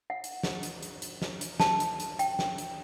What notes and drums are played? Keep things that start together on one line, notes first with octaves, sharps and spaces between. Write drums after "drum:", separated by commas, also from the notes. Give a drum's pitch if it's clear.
F#5
drum: hi-hat
drum: snare
drum: hi-hat
drum: hi-hat
drum: hi-hat
drum: snare
drum: hi-hat
A5, drum: snare
drum: hi-hat
drum: hi-hat
G5, drum: hi-hat
drum: snare
drum: hi-hat